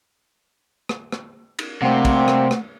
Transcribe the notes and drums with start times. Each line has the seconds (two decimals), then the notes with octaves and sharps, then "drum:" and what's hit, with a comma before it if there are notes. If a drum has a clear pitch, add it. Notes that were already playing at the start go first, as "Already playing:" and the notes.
0.89 drum: rim click
1.12 drum: rim click
1.59 drum: cymbal
1.82 C3 G3 A3 A#3 C4 F#5
2.05 drum: kick, cymbal
2.28 drum: rim click
2.51 drum: rim click